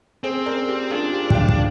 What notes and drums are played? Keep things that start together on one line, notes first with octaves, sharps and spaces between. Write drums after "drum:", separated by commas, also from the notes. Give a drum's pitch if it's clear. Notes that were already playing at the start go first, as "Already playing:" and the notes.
C4 G#4 C5
A#4 D5
G4 A#4
D4 F4 G#4
G4
G5, drum: kick
D5 F5
drum: kick